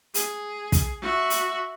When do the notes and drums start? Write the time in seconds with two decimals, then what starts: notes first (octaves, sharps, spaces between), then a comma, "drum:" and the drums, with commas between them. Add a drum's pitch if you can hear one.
0.14 G#4, drum: hi-hat
0.72 drum: kick, hi-hat
1.01 F#4 E5
1.30 drum: hi-hat